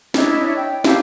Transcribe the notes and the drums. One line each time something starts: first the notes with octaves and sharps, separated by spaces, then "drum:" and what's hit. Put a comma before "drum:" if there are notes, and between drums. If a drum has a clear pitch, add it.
D4 E4 C#5 D#5, drum: snare
G5
E4 G4 F5 A5, drum: snare